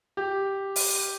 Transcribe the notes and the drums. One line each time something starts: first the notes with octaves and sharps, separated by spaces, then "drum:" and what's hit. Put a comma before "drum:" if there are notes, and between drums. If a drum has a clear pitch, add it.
G4
drum: open hi-hat